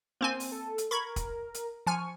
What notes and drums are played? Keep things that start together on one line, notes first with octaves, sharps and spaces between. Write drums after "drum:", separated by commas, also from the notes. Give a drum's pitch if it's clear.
A#3 C4 C5 G#5
drum: open hi-hat
A4
drum: hi-hat
A#4 B5 C#6 G#6
drum: kick, hi-hat
drum: hi-hat
F3 G#5 C#6 F6